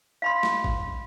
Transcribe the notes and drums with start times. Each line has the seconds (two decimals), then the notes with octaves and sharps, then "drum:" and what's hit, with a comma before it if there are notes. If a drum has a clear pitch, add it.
0.22 F5 B5 C6
0.43 drum: snare
0.64 drum: kick A1